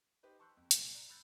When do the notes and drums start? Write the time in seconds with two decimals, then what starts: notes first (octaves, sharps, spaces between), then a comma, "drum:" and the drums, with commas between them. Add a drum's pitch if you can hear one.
0.23 D#4 G4 B4 C5
0.39 A5 C6 C#6 E6 F#6 G6
0.57 F2
0.71 C2 A#2 F3, drum: hi-hat
0.95 D5 A#5 F#6
1.09 B5 E6 F#6 G6 A6